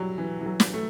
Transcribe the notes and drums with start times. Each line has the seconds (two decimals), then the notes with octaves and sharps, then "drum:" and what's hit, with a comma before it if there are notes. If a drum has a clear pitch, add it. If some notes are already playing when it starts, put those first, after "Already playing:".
Already playing: F#3 G3 E4
0.18 E3
0.41 E3
0.46 F#3
0.60 drum: snare
0.73 A3